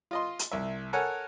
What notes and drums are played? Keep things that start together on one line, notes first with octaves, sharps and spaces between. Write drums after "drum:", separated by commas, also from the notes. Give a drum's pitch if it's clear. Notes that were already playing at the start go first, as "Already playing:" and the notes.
F4 D#5 C6
drum: hi-hat
C2 E5
A4 A#4 C#5 F#5 G#5